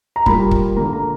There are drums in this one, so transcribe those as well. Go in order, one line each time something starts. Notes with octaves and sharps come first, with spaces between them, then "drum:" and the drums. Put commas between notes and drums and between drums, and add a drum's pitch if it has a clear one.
A#5
A#2 G3 A#3 B5, drum: kick
drum: kick
D3 A#3 A#5
A#5